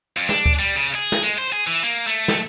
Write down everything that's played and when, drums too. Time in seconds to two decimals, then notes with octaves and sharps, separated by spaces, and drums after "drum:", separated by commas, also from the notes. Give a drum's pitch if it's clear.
0.17 F2
0.29 D4, drum: snare
0.46 drum: kick D2
0.59 G3
0.75 C#3
0.95 G#4
1.12 drum: snare
1.23 G#3
1.38 C5
1.52 G#4
1.67 E3
1.83 A#3
2.07 A3
2.28 drum: snare